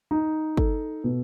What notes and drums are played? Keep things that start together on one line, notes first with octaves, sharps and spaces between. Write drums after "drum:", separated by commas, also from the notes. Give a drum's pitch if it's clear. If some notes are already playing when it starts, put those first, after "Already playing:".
D#4
A4, drum: kick
B2